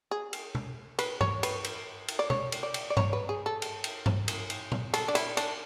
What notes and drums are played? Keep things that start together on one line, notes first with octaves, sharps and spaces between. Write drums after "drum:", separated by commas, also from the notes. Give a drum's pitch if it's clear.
G#4
drum: cymbal
drum: tom B2
B4, drum: cymbal
C#5, drum: tom G2
B4, drum: cymbal
drum: cymbal
drum: cymbal
D5
C#5, drum: tom B2
drum: cymbal
D5
drum: cymbal
D5
C#5, drum: tom G2
B4
G#4
A4
drum: cymbal
drum: cymbal
drum: tom G2
drum: cymbal
drum: cymbal
drum: tom A#2
A4, drum: cymbal
D4
E4, drum: cymbal
D4, drum: cymbal